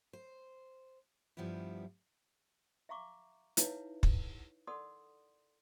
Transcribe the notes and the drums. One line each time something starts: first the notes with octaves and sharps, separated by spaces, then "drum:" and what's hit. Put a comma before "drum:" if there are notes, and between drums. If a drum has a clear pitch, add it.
C5
G2 F3 G3 B3 E4
E5 F5 A#5 C#6 D6
D#4 E4 B4 C#5 E5 F5, drum: hi-hat
drum: kick
A4 A#4 D5 F#5 C6 D#6